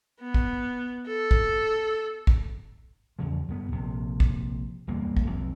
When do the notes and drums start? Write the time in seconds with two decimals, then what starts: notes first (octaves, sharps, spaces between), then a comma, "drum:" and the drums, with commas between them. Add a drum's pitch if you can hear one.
0.20 B3
0.34 drum: kick
1.07 A4
1.31 drum: kick
2.27 drum: kick
3.19 E2 C#3 F3
3.48 G2 D#3 B3
3.72 A#1 C3
4.20 drum: kick
4.87 E1 D2 G2 A#3
5.17 drum: kick
5.26 B1 F2 E3